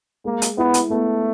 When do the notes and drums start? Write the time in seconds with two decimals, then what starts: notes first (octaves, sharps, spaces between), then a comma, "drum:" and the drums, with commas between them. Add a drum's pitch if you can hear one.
0.25 G#3 A#3
0.42 drum: hi-hat
0.57 B3 E4
0.74 drum: hi-hat
0.90 A3 B3